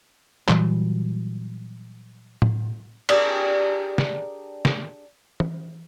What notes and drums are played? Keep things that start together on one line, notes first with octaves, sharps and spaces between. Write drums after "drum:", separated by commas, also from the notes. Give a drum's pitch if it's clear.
A#2 E3 F#3 G3, drum: clap
drum: tom A2
D4 G4 G#4 A#4, drum: cymbal
drum: snare
drum: snare
drum: tom E3